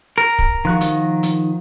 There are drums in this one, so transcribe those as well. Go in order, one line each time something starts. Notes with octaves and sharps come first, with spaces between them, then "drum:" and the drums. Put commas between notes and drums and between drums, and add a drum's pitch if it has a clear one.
A#4
drum: kick
D#3 F3 F#4 F#6
drum: hi-hat
drum: hi-hat